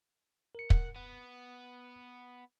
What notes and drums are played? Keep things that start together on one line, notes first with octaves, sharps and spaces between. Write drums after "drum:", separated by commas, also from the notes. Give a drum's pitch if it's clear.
A#4 C#7
F#5, drum: kick
B3 F#5